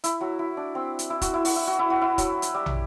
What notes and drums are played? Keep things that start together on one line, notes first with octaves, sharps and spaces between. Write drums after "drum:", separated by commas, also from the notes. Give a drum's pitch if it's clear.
E4, drum: hi-hat
F#3 F#4
E4
D4
C4
drum: hi-hat
E4
F#4, drum: kick, hi-hat
E4
F#4, drum: open hi-hat
E4
F#4
E4
F#4
E4
F#3 F#4, drum: kick, hi-hat
drum: hi-hat
G3 G4
drum: tom